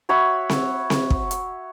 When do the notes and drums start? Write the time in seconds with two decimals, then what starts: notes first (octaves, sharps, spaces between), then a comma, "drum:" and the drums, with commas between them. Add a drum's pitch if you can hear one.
0.09 F#4 C#5 E5 B5
0.49 drum: snare C4
0.90 drum: snare C4
1.10 drum: kick
1.31 drum: hi-hat